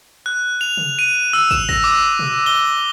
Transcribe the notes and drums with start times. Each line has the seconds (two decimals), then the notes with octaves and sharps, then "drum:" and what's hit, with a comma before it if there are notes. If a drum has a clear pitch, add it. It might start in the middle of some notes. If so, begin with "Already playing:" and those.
0.26 F#6
0.61 F7
0.77 drum: tom
0.99 D#7
1.33 E6
1.51 E7, drum: kick
1.69 A#6, drum: kick
1.84 D6
2.19 drum: tom
2.46 G7